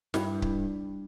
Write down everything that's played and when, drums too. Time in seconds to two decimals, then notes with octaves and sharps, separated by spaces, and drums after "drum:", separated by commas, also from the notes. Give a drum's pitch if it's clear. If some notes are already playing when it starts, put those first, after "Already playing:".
0.14 G2 E4, drum: snare
0.42 drum: kick C#1